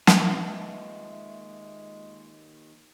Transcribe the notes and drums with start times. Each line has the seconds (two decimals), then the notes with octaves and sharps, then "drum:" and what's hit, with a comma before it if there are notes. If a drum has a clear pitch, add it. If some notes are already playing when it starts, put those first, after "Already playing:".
0.07 D#2 G#3 A#3 F4 B4 E5, drum: snare